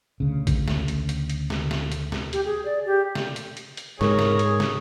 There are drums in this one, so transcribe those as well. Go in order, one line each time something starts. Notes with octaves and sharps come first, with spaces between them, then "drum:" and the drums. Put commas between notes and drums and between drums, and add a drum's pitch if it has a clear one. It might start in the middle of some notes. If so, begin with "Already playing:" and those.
D2 C#3
drum: kick A#1, hi-hat
drum: snare
drum: hi-hat
drum: hi-hat
drum: hi-hat
drum: snare
drum: snare
drum: hi-hat
drum: snare
G4, drum: hi-hat
G#4
D5
G4
drum: snare
drum: hi-hat
drum: hi-hat
drum: hi-hat
G#2 G#4 A#4 C#5 D#6, drum: snare
drum: snare
drum: hi-hat
drum: snare